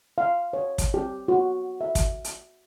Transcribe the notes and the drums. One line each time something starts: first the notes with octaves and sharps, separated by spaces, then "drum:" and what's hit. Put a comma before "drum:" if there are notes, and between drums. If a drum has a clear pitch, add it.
F5
C#5
drum: kick, hi-hat
G4
F#4
E5
drum: kick, hi-hat
drum: hi-hat